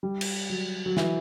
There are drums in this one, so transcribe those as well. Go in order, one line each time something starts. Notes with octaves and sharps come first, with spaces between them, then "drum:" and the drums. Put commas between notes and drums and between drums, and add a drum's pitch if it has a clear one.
G3
drum: cymbal
F#3
F#3
E3, drum: snare